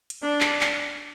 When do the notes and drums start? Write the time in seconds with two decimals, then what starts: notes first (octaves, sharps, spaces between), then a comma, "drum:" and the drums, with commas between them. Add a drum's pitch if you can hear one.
0.10 drum: hi-hat
0.23 D4
0.41 drum: clap
0.61 drum: clap